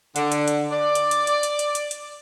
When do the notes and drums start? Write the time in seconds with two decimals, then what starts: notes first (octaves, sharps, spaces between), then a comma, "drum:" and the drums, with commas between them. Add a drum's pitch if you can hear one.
0.16 D3, drum: hi-hat
0.32 drum: hi-hat
0.48 drum: hi-hat
0.71 D5
0.95 drum: hi-hat
1.11 drum: hi-hat
1.27 drum: hi-hat
1.43 drum: hi-hat
1.59 drum: hi-hat
1.75 drum: hi-hat
1.91 drum: hi-hat